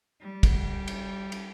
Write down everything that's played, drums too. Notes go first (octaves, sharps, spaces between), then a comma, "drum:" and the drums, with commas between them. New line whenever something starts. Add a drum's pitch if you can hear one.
G3
drum: kick, cymbal
drum: cymbal
drum: cymbal